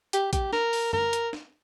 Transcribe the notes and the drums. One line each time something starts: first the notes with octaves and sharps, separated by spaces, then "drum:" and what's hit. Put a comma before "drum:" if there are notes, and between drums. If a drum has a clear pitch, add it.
G4, drum: hi-hat
G4, drum: kick, hi-hat
A#4, drum: snare
drum: open hi-hat
A#4, drum: tom
drum: hi-hat
drum: snare